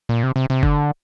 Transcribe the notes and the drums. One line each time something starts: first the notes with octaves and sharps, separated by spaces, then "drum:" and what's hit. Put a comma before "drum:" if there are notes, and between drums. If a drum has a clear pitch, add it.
A#2
C3
C3
C3
D3, drum: kick G1